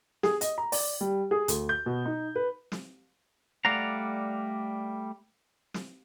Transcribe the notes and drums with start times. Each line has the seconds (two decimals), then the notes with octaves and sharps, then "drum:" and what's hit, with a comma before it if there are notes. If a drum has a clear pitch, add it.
0.23 G#4, drum: snare
0.41 D#5, drum: hi-hat
0.58 A#5
0.72 D5, drum: open hi-hat
1.01 G3
1.31 G#4
1.48 D2, drum: hi-hat
1.69 G6
1.86 B2
2.05 D#4
2.36 B4
2.72 drum: snare
3.65 G3 A3 D5 F5 F#5 A#5
5.74 drum: snare